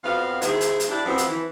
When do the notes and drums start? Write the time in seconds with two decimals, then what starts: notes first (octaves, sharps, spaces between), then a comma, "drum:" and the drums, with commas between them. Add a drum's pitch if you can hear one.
0.04 F2 B3 C4 F#4 F5
0.42 D#2 D#3 E4 G#4 C5 E5, drum: hi-hat
0.61 drum: hi-hat
0.80 drum: hi-hat
0.90 D4 E4 G4
1.05 F#2 F3 B3 C4 E4 G4
1.18 drum: hi-hat
1.28 E3